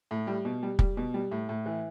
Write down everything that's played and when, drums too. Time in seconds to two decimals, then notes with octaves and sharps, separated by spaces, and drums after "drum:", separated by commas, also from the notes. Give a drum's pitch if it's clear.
0.11 A2
0.27 G3
0.45 B2
0.63 G3
0.79 G3, drum: kick
0.97 B2
1.14 G3
1.31 A2
1.49 A2
1.66 E3